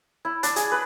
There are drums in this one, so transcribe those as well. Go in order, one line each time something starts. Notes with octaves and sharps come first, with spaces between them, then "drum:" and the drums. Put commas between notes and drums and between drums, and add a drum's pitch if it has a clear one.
E4
D4, drum: hi-hat
G#4, drum: hi-hat
B4